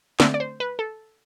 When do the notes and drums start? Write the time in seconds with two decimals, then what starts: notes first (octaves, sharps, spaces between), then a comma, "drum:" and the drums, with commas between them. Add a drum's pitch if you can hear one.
0.20 D3 A3 C4 D5, drum: snare
0.34 D5
0.40 C5
0.60 B4
0.79 A4